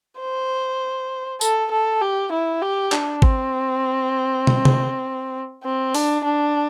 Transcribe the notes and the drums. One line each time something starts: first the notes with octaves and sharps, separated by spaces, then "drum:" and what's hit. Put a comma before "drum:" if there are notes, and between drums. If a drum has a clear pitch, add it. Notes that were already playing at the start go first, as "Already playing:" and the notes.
C5
A4, drum: tambourine
A4
G4
E4
G4
D4, drum: clap
C4, drum: kick G#1
drum: tom
drum: tom C3
C4
D4, drum: open hi-hat
D4